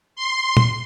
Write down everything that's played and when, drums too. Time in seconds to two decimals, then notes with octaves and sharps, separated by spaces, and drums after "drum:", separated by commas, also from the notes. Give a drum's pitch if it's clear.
0.16 C6
0.57 drum: tom